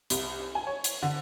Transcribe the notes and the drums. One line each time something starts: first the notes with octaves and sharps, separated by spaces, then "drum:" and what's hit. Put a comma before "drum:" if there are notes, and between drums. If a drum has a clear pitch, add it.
C2, drum: hi-hat
G#5
C#5
drum: hi-hat
D3